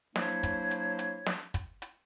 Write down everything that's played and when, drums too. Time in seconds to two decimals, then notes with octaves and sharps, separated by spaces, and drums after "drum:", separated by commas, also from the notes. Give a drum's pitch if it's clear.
0.16 F#3 A#3 D4 E4 C5 C#5, drum: snare
0.43 drum: kick, hi-hat
0.71 drum: hi-hat
0.99 drum: hi-hat
1.26 drum: snare
1.54 drum: kick, hi-hat
1.82 drum: hi-hat